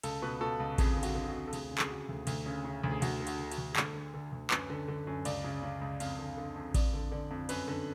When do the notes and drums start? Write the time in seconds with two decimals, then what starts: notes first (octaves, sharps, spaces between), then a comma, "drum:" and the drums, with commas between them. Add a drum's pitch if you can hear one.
0.03 C#2 A4, drum: cymbal
0.22 B2 B4
0.41 B2 A4
0.60 C#2
0.78 F2 G#4, drum: kick A1, cymbal
0.97 D3
1.03 F#4, drum: cymbal
1.15 D3
1.28 F#4
1.34 F2
1.47 A4
1.53 D2 G#4, drum: cymbal
1.71 C#3
1.78 G#4, drum: clap
1.90 C#3 F#4
2.09 D2
2.27 D2, drum: cymbal
2.46 C#3
2.65 C#3
2.84 D2
2.91 G#4
3.02 D2 F#4, drum: cymbal
3.20 D3
3.27 F#4, drum: cymbal
3.39 D3
3.52 F#4, drum: cymbal
3.58 D2
3.72 G#4
3.76 D2 A4, drum: clap
3.95 D3
4.14 D3 A4
4.32 D2
4.51 F#2 B4, drum: clap
4.70 D3
4.88 D3
5.07 F#2
5.25 C#2 D5, drum: cymbal
5.44 C#3
5.63 C#3
5.81 C#2
6.00 F2 F5, drum: cymbal
6.19 D3
6.37 D3
6.56 F2
6.74 F2 D5, drum: kick A1, cymbal
6.93 D3
7.12 D3 D5
7.31 F2
7.49 F#2 B4, drum: cymbal
7.68 D3